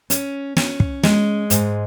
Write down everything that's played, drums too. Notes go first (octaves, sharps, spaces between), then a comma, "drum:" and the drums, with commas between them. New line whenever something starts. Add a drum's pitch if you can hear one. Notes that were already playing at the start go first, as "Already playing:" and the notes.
C#4, drum: hi-hat
C#4, drum: snare
drum: kick
G#3, drum: snare
G#2, drum: hi-hat